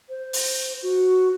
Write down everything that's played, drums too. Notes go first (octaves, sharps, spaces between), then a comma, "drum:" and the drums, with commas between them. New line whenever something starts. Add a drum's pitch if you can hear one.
C5
drum: open hi-hat
F#4